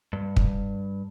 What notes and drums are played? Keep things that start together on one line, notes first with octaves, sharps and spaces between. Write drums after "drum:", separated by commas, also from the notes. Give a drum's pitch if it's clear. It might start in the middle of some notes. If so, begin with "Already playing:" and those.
G2
drum: kick